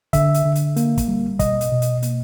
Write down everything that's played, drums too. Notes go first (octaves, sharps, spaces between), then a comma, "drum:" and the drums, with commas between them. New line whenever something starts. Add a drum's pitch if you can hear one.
D3 E5, drum: kick, hi-hat
drum: hi-hat
D3
drum: hi-hat
A#3, drum: hi-hat
drum: kick, hi-hat
G3
B2 D#5, drum: kick, hi-hat
drum: hi-hat
B2
drum: hi-hat
A#3, drum: hi-hat